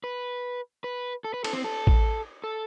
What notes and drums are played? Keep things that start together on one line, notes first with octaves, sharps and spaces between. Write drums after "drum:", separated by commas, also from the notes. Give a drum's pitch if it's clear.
B4
B4
A4
B4
A4, drum: cymbal
C4
A4
drum: kick A1
A4